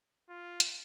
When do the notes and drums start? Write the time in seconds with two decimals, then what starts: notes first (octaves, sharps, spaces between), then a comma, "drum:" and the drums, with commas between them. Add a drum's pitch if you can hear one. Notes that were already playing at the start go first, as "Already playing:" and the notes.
0.29 F4
0.60 drum: hi-hat